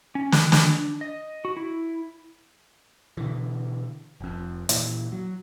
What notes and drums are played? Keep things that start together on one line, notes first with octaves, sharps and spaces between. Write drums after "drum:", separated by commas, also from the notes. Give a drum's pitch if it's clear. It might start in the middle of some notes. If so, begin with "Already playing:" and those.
C#4
F#6, drum: snare
D4, drum: snare
D#5
F#4
E4
B2 D3 E3
F1 F2
A#2 E3, drum: hi-hat
F#3